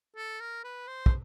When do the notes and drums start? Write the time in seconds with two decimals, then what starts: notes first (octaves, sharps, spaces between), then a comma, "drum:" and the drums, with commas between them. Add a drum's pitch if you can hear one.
0.16 A4
0.40 A#4
0.64 B4
0.88 C5
1.06 drum: kick